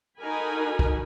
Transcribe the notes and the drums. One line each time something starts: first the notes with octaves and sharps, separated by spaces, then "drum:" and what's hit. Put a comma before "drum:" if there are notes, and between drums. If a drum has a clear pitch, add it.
D#4 F#4 A4 A#4 G#5 B5
drum: kick